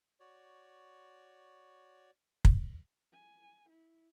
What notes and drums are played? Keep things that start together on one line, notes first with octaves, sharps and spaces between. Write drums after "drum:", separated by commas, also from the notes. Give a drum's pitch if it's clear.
F#4 C#5 D5
drum: kick
G#5
E4